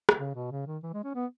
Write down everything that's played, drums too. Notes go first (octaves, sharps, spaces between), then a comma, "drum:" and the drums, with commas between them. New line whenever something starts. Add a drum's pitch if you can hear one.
drum: rim click
C#3
B2
C#3
D#3
E3
G#3
C#4
B3